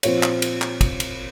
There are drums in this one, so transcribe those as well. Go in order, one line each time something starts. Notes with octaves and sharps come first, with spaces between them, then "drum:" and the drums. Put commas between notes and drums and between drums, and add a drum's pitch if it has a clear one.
A#2 F3 C4 C#5, drum: cymbal
drum: clap
drum: cymbal
drum: clap
drum: kick, cymbal
drum: cymbal